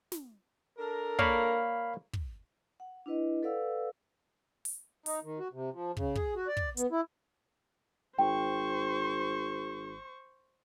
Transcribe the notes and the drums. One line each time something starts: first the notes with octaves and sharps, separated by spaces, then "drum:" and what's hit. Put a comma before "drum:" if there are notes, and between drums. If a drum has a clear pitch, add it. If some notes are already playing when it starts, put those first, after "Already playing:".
drum: snare
D4 A4 A#4
A#3 C#5 D5 F5 B5, drum: kick
drum: kick
F#5
D4 E4 B4 D#5
A4 B4 D5 F5 F#5 E6
drum: open hi-hat
D#4, drum: open hi-hat
D#3
F#4
C3
F3
C#3, drum: kick
G#4, drum: kick
F#4
D5
drum: kick
B3, drum: hi-hat
E4
G#1 C5 G5 C#6